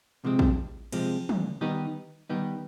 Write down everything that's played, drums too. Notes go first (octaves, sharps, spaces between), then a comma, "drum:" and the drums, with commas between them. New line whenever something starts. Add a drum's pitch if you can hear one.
C3 F3 G#3 C4
drum: kick
C3 F3 G#3 C4, drum: cymbal
drum: tom
D#3 G3 B3 D#4 G4
D#3 G3 B3 D#4 G4